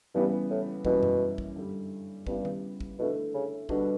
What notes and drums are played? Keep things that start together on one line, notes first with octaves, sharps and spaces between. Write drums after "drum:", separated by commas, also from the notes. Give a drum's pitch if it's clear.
G2 C#3 E3 G3 B3
A2
F#2 B2 E3 G3, drum: kick
drum: tom F#2
drum: kick
G2 D3 G3
G2 C#3 G3 B3 E4 G4, drum: kick
drum: tom D#3
drum: kick
B2 D3 A3 E4
C#3
B2 D3 G3 D4 F#4, drum: kick